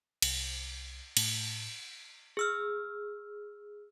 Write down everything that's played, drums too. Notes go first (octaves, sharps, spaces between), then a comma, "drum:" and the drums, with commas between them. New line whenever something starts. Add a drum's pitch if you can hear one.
C2, drum: cymbal
A2, drum: cymbal
G#4 E6 F6